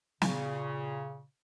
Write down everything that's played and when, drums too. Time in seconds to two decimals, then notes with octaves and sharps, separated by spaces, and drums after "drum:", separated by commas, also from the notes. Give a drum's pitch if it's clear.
0.22 A#2 C#3, drum: snare